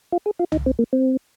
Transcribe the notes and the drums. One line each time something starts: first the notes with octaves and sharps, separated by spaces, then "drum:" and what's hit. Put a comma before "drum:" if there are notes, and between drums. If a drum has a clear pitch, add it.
F4
G#4
F4
D#4, drum: tom
C4
A#3
C4